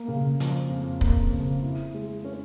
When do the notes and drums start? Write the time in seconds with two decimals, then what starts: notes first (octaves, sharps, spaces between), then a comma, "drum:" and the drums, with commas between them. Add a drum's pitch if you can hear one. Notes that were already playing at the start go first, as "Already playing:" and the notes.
Already playing: A#3
0.08 C#3
0.40 F3, drum: hi-hat
0.70 F2
1.01 A#3, drum: kick
1.32 C#3
1.63 E4
1.94 G#3
2.25 C#4